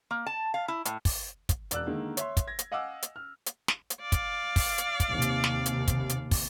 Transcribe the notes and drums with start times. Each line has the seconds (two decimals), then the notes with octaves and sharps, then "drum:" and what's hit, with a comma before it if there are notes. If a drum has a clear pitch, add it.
0.11 A#3
0.26 A5
0.54 F5
0.68 E4
0.85 A2, drum: hi-hat
1.05 drum: kick, open hi-hat
1.49 drum: kick, hi-hat
1.71 E1 D5 E6 F#6, drum: hi-hat
1.87 D3 D#3 G#3 A#3
2.17 C#5 E5 C6, drum: hi-hat
2.37 drum: kick, hi-hat
2.47 G#6 A#6
2.59 drum: hi-hat
2.72 D#5 F5 F#5 G#5 D6 E6
3.02 drum: hi-hat
3.16 F6
3.46 drum: hi-hat
3.68 drum: snare
3.90 drum: hi-hat
4.01 D5 F5
4.12 drum: kick, hi-hat
4.56 drum: kick, open hi-hat
4.78 drum: hi-hat
5.00 drum: kick, hi-hat
5.10 D#2 C3
5.22 drum: hi-hat
5.44 drum: snare
5.66 drum: hi-hat
5.88 drum: kick, hi-hat
6.09 drum: hi-hat
6.31 drum: kick, open hi-hat